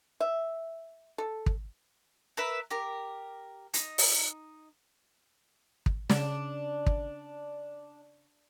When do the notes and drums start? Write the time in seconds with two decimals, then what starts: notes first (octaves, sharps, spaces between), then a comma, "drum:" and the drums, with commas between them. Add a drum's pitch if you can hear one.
0.20 E5
1.18 A4
1.46 drum: kick
2.37 A#4 B4 E5
2.71 G4 A#4
3.74 D#4, drum: hi-hat
3.98 drum: open hi-hat
5.86 drum: kick
6.10 C#3 D4, drum: snare
6.86 drum: kick